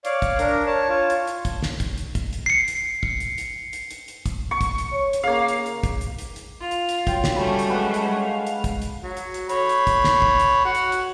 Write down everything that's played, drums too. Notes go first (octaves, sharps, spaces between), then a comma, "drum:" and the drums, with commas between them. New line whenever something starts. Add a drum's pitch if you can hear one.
C#5 D5 F5, drum: hi-hat
drum: kick, hi-hat
D4 A#4, drum: hi-hat
C#5 A5
F4 C#5
drum: hi-hat
drum: hi-hat
drum: kick, hi-hat
drum: snare
drum: kick, hi-hat
drum: hi-hat
drum: kick, hi-hat
drum: hi-hat
C7 C#7
drum: hi-hat
drum: kick
drum: hi-hat
drum: hi-hat
drum: hi-hat
drum: hi-hat
drum: hi-hat
drum: kick, hi-hat
C#6
drum: kick, hi-hat
drum: hi-hat
C#5
drum: hi-hat
C#3 A#3 F5
drum: hi-hat
drum: hi-hat
drum: kick, hi-hat
drum: hi-hat
drum: hi-hat
drum: hi-hat
F4
drum: hi-hat
drum: hi-hat
F#3 G5, drum: kick, hi-hat
drum: snare
G3 A3 C#4 B5
drum: hi-hat
G#3 B4 F#5 B5
drum: hi-hat
F5
drum: hi-hat
drum: kick, hi-hat
drum: hi-hat
F#3
drum: hi-hat
drum: hi-hat
C#5 B5, drum: hi-hat
drum: hi-hat
drum: kick, hi-hat
drum: snare
drum: kick
drum: hi-hat
F#4 F#5
drum: hi-hat
drum: hi-hat